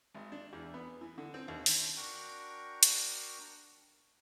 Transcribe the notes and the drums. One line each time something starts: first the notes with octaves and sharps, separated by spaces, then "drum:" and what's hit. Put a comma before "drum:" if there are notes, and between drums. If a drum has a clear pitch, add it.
G#1
D4
E2
B3
E3
D3
C4
D#2
drum: open hi-hat
D4 F#4 A#4 G5 A#5 C#6
drum: hi-hat